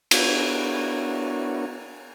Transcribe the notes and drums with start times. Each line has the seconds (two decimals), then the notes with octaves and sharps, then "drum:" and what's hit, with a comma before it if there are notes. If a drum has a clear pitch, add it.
0.11 B3 D4 E4 F#4 A#4 C#5, drum: cymbal